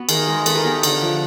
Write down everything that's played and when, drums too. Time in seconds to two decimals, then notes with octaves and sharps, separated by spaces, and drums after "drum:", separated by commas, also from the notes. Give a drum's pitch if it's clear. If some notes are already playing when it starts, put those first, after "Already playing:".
Already playing: B3 F#4
0.09 D#3 G#4 A#4, drum: cymbal
0.28 G#3
0.46 D#3 A4 B4, drum: cymbal
0.55 G#4 A#4
0.64 B3 G4 A4
0.83 D3, drum: cymbal
1.01 F3